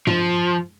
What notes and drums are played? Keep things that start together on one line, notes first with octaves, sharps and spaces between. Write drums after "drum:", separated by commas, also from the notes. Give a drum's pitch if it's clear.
F3, drum: tom